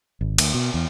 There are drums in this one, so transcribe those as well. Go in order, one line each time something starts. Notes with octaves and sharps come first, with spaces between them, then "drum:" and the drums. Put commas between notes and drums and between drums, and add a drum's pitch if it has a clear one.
G#1
D2, drum: cymbal
B2
E2